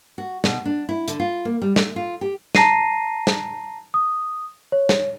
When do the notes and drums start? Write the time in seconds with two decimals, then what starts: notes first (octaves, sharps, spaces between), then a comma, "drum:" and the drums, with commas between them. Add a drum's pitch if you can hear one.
0.18 F#4
0.44 B2, drum: snare
0.65 D4
0.89 E4
1.08 D3, drum: hi-hat
1.20 F4
1.45 A#3
1.62 G3
1.76 A3, drum: snare
1.96 F4
2.21 G4
2.55 A5 A#5 A#6 C7 D#7, drum: snare
3.27 drum: snare
3.94 D#6
4.72 C#5
4.89 drum: snare